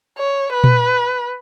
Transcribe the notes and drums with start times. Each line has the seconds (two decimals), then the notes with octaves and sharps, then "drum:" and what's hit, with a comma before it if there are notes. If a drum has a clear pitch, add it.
0.19 C#5
0.52 B4
0.64 drum: tom A#2